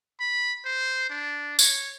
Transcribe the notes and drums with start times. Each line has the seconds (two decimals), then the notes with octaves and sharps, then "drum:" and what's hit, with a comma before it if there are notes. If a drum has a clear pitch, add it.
0.20 B5
0.65 C5
1.10 D4
1.59 C#5, drum: tambourine